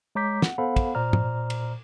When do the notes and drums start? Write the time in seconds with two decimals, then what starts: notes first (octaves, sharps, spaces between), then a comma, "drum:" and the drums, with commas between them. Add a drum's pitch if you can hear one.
0.15 G#3 C#5 A#5 D6 G6 B6
0.42 F#5, drum: snare
0.58 B3 A4 C5 F5 F#5 B5
0.76 drum: kick, cymbal
0.95 A#2 C5 D5 A#5 F6
1.13 drum: tom
1.50 drum: cymbal